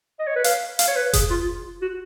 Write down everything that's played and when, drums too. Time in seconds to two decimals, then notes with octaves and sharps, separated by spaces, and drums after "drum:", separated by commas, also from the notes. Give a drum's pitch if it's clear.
0.19 D#5
0.27 C#5
0.36 B4
0.44 F5, drum: hi-hat
0.79 F5, drum: hi-hat
0.88 C#5
0.96 B4
1.13 G#4, drum: kick F1, hi-hat
1.30 F4
1.82 F#4